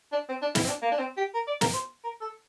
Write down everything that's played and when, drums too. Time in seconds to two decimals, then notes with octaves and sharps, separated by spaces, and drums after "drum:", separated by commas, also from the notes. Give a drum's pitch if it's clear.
0.12 D4
0.29 C4
0.42 D4
0.55 E4, drum: snare
0.65 C4
0.69 D4
0.82 A#3
0.92 D4
0.99 C4
1.17 G4
1.35 A#4
1.47 D5
1.61 A#4, drum: snare
1.74 C5
2.04 A#4
2.21 A4